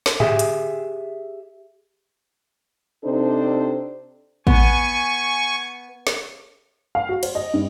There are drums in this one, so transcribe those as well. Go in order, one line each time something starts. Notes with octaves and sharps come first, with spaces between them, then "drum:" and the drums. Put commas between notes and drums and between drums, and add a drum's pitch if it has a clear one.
drum: snare
G4 G#4 E5 G#5, drum: tom G#2
drum: hi-hat
C3 C4 D4 D#4 A4 C5
B3 G#5 C#6, drum: kick A1
drum: snare
F5
F#4
C5, drum: cymbal
D#5
G2